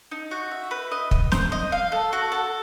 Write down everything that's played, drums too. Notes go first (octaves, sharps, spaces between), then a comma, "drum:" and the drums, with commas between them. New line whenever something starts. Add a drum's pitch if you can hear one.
D#4
F#4
E5
B4
D#5
D#5, drum: kick
C5, drum: snare
D#5
F5
A4
F#4
A4